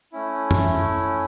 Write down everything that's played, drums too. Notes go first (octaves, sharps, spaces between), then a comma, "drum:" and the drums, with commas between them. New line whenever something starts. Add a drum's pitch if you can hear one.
A3 C#4 E4
drum: tom